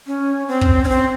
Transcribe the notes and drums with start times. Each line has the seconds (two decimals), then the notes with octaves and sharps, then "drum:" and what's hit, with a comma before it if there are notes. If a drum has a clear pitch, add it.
0.07 C#4
0.48 C4
0.61 drum: kick
0.84 C#4
0.89 C4